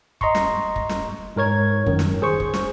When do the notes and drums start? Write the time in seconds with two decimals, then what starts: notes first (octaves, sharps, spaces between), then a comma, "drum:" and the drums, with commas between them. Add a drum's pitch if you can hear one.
0.21 D#5 A#5 C6 C#6, drum: kick
0.35 drum: snare
0.76 drum: kick
0.89 drum: snare
1.36 G#2 A#4 C#5 G#6
1.86 F#2 D#3, drum: kick
1.99 drum: snare
2.22 G#4 C5 C#6
2.40 drum: kick
2.54 drum: snare